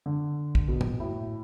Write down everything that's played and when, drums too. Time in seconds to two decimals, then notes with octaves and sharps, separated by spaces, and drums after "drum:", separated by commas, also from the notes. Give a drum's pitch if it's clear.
0.06 D3
0.55 drum: kick
0.68 B2
0.81 drum: tom G#2
1.00 A2